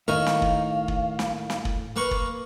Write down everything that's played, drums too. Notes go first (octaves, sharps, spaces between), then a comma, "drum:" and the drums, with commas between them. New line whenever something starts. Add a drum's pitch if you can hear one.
A2 D#3 D#4 A#4 F5 C#6
drum: snare
drum: kick
drum: kick
drum: snare
drum: snare
drum: kick
A#3 B4 C#6
drum: kick